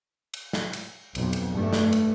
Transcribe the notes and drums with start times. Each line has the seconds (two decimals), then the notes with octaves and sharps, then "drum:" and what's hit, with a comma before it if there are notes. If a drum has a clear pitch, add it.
0.34 drum: cymbal
0.53 drum: snare
0.73 drum: cymbal
1.15 B1 F2, drum: cymbal
1.33 drum: cymbal
1.53 G2 A3
1.73 drum: snare
1.92 drum: cymbal